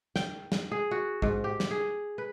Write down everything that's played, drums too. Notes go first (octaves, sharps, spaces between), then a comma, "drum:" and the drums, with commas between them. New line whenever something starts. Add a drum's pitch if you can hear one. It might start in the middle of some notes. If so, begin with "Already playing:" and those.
G5, drum: snare
drum: snare
G#4
F#4
G#2, drum: kick A1
G4
drum: snare
G#4
B4